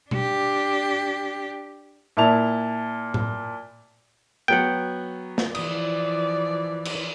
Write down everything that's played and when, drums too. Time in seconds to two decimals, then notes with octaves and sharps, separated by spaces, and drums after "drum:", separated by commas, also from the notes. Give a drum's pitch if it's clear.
0.11 D4 G4, drum: tom B2
2.17 A#2 E4 A5 F7
3.14 drum: tom A2
4.48 F#3 B3 F#5 G5
5.38 drum: snare
5.55 E3 F3 D5 D#6, drum: cymbal
6.85 drum: cymbal